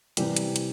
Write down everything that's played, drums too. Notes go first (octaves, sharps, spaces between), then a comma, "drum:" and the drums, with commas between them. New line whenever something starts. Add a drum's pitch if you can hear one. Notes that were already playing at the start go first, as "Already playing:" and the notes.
C3 E3 G3 G4, drum: hi-hat
drum: hi-hat
drum: hi-hat